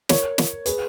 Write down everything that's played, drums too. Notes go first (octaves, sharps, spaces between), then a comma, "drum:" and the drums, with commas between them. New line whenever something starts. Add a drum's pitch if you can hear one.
A#4 C#5, drum: snare
drum: snare
G#4 B4, drum: hi-hat